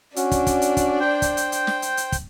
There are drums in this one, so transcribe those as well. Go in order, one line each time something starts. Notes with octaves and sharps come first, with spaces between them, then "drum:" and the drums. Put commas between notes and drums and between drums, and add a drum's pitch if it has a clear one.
C#4 D4 F#4 D5, drum: hi-hat
drum: kick, hi-hat
drum: kick, hi-hat
drum: hi-hat
drum: kick, hi-hat
C5 G5
drum: kick, hi-hat
drum: hi-hat
drum: hi-hat
drum: snare
drum: hi-hat
drum: hi-hat
drum: kick, hi-hat